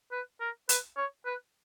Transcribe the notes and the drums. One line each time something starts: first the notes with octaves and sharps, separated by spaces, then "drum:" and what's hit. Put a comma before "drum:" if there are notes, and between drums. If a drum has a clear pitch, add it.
B4
A#4
B4, drum: hi-hat
C#5
B4